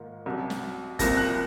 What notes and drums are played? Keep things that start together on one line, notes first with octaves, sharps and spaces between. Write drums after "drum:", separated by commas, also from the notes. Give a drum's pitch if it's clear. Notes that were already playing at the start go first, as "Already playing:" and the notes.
Already playing: G#2 D#3 A#3 F4
C2 C3 F#3
drum: snare
C2 C3 F3 A#3 A#6, drum: kick, hi-hat
F#6